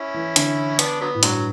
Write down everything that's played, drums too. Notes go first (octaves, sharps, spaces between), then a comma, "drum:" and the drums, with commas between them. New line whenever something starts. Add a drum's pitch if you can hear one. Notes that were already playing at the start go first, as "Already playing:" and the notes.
Already playing: C#4 E4
E3
D3, drum: hi-hat
B3 D4, drum: hi-hat
D3 F#3 B3
A2
G2 D3 F#3, drum: hi-hat